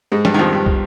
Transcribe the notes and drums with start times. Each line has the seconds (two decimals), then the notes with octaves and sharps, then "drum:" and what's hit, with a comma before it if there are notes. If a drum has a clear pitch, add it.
0.12 G#2 G#3
0.25 G2 G3, drum: snare
0.34 D#3
0.39 F2 F3
0.53 G2
0.66 drum: kick